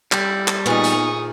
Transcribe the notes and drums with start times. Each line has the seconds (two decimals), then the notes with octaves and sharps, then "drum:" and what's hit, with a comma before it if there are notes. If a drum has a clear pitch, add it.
0.12 G3 E4, drum: clap
0.48 drum: clap
0.66 A#2 D#3 B3 D#4 G#4 C#6 D#6
0.84 drum: hi-hat